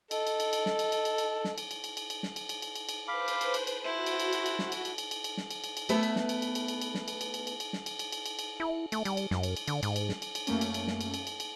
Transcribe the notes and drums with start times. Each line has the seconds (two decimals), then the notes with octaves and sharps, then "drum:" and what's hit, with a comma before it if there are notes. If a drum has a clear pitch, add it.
0.11 A4 D#5, drum: cymbal
0.27 drum: cymbal
0.40 drum: cymbal
0.53 drum: cymbal
0.66 drum: snare
0.79 drum: cymbal
0.92 drum: cymbal
1.05 drum: cymbal
1.18 drum: cymbal
1.44 drum: snare
1.58 drum: cymbal
1.71 drum: cymbal
1.84 drum: cymbal
1.97 drum: cymbal
2.10 drum: cymbal
2.23 drum: snare
2.36 drum: cymbal
2.49 drum: cymbal
2.62 drum: cymbal
2.75 drum: cymbal
2.89 drum: cymbal
3.08 B4 C5 F5 B5 D6
3.28 drum: cymbal
3.41 drum: cymbal
3.54 drum: cymbal
3.67 drum: cymbal
3.84 E4 F#4 C5
4.06 drum: cymbal
4.20 drum: cymbal
4.33 drum: cymbal
4.46 drum: cymbal
4.59 drum: snare
4.72 drum: cymbal
4.85 drum: cymbal
4.98 drum: cymbal
5.11 drum: cymbal
5.24 drum: cymbal
5.37 drum: snare
5.50 drum: cymbal
5.64 drum: cymbal
5.77 drum: cymbal
5.89 A3 B3 B4 E5, drum: cymbal
6.03 drum: cymbal
6.16 drum: snare
6.29 drum: cymbal
6.42 drum: cymbal
6.55 drum: cymbal
6.68 drum: cymbal
6.81 drum: cymbal
6.95 drum: snare
7.08 drum: cymbal
7.21 drum: cymbal
7.34 drum: cymbal
7.47 drum: cymbal
7.60 drum: cymbal
7.73 drum: snare
7.86 drum: cymbal
7.99 drum: cymbal
8.12 drum: cymbal
8.26 drum: cymbal
8.39 drum: cymbal
8.60 E4
8.92 A3, drum: cymbal
9.05 G3, drum: cymbal
9.17 drum: cymbal
9.31 F#2, drum: snare
9.43 drum: cymbal
9.56 drum: cymbal
9.68 D3, drum: cymbal
9.83 G#2, drum: cymbal
9.96 drum: cymbal
10.09 drum: snare
10.22 drum: cymbal
10.35 drum: cymbal
10.47 F#2 A3 A#3 C#4, drum: cymbal
10.61 drum: cymbal
10.74 drum: cymbal
10.87 drum: snare
11.01 drum: cymbal
11.14 drum: cymbal
11.27 drum: cymbal
11.40 drum: cymbal